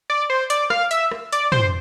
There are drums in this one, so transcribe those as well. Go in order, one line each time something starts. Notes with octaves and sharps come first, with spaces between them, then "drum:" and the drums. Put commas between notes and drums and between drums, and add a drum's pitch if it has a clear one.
D5
C5
D5, drum: hi-hat
F5, drum: rim click
E5, drum: hi-hat
drum: rim click
D5, drum: hi-hat
C5, drum: tom